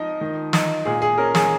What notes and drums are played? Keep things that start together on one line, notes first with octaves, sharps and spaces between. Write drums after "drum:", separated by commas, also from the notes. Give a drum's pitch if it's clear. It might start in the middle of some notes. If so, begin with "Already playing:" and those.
Already playing: F3 D#4 D#5
D#3
D#4, drum: snare
A#2 G#4
G#4
C#4 A#4
G#4, drum: snare